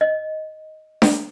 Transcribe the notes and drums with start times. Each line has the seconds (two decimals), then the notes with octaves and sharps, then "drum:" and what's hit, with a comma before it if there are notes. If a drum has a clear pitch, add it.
0.01 D#5
1.02 drum: snare D4